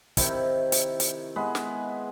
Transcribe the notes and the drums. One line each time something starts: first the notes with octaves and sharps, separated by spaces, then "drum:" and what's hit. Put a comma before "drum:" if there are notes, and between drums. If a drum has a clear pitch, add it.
C3 D#3 E4, drum: kick, hi-hat
drum: hi-hat
drum: hi-hat
G#3 B3 B4
drum: snare